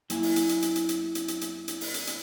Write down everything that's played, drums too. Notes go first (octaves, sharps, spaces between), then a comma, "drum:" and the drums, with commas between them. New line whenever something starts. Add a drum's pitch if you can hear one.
F#2 A#3 E4 G#5, drum: hi-hat
drum: open hi-hat
drum: hi-hat
drum: hi-hat
drum: hi-hat
drum: hi-hat
drum: hi-hat
drum: hi-hat
drum: hi-hat
drum: hi-hat
drum: hi-hat
drum: open hi-hat
drum: hi-hat
drum: hi-hat